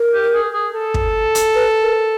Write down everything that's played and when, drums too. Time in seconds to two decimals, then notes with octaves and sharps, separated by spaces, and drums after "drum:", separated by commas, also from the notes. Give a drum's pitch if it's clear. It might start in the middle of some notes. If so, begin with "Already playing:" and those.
Already playing: A#4
0.14 G4
0.34 G#4
0.53 G#4
0.73 A4
0.94 drum: kick
1.35 drum: hi-hat
1.55 B4
1.82 A#4